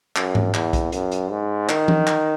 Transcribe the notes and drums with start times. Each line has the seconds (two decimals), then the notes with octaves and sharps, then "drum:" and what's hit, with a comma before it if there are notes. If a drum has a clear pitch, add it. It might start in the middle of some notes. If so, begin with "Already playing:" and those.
0.16 F#2, drum: clap
0.35 drum: tom G#2
0.54 E2, drum: clap
0.73 drum: kick B1, hi-hat
0.92 F#2, drum: hi-hat
1.12 drum: hi-hat
1.31 G#2
1.69 D#3, drum: clap
1.88 drum: tom E3
2.07 drum: clap